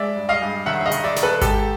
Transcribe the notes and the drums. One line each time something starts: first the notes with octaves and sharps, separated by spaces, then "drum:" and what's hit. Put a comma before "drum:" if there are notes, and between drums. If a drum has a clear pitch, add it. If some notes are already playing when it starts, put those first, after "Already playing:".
Already playing: G#3 D5 E5
G2
D#5 F5
G2
D#3 E5 F#5
E5
D#5 F5
D#3, drum: hi-hat
D5 E5
D#3, drum: snare
A4 B4
G#2 G4 A4, drum: kick G#1, hi-hat